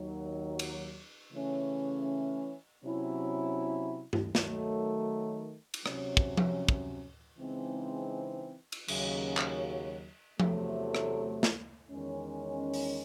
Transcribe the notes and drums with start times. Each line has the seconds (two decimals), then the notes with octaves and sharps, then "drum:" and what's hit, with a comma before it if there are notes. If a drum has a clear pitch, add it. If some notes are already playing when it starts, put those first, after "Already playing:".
Already playing: D#2 D#3 F#3
0.59 drum: cymbal
1.32 C#3 E3 A3 C#4
2.83 C3 F#3 C#4 E4
4.13 drum: tom
4.35 D#3 F#3 A3, drum: snare
5.74 drum: cymbal
5.86 C3 F#3 C#4, drum: rim click
6.17 drum: kick
6.37 drum: tom F3
6.69 drum: kick
7.37 C#3 E3 G#3 C4 D#4
8.72 drum: cymbal
8.88 D#2 C#3 F#3, drum: cymbal
9.37 drum: clap
10.40 E2 C3 F#3 A3, drum: tom F3
10.95 drum: rim click
11.43 drum: snare
11.91 E2 D#3 G#3 C#4
12.74 drum: open hi-hat